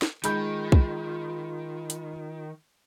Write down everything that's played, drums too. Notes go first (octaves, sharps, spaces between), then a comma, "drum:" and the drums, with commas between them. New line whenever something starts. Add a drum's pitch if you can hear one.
drum: snare
D#3 G#3 F4 B5 G6, drum: hi-hat
drum: kick
drum: hi-hat